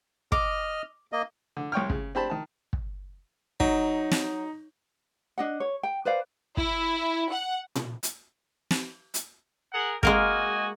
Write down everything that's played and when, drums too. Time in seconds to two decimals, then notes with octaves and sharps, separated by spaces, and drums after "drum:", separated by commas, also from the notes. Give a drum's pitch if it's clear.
0.32 D#5 D6 F6, drum: kick
1.12 A#3 D#5
1.57 D3
1.72 C2 C#5 G5 F6
1.90 C#3, drum: kick
2.15 C4 D4 G4 C5 A5 B5
2.30 D#3 A5
2.73 drum: kick
3.60 F#3 D#4, drum: kick
4.11 drum: snare
5.38 D4 D#5 F#5
5.60 C#5
5.83 G5
6.05 B4 C5 D5 F5
6.57 E4, drum: kick
7.31 F#5
7.75 drum: tom A#2
8.03 drum: hi-hat
8.71 drum: snare
9.14 drum: hi-hat
9.73 G#4 A#4 F#5
10.03 G#3 A#3 F#4 A#4 D#5 G#5, drum: kick